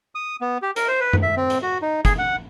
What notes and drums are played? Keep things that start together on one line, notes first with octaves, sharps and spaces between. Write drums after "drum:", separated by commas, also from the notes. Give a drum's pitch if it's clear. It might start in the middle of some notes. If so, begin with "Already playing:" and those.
D#6
B3
G4
A#4, drum: hi-hat
C5
B4
drum: tom F#2
E5
C4
drum: hi-hat
F#4
D#4
G#4, drum: kick, hi-hat
F#5